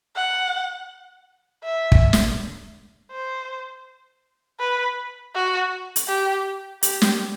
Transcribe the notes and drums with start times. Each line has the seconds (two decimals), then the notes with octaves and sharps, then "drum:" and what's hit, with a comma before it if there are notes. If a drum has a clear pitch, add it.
0.16 F#5
1.64 E5
1.92 drum: kick
2.13 drum: snare
3.12 C5
4.60 B4
5.35 F#4
5.96 drum: hi-hat
6.08 G4
6.83 G4, drum: hi-hat
7.02 drum: snare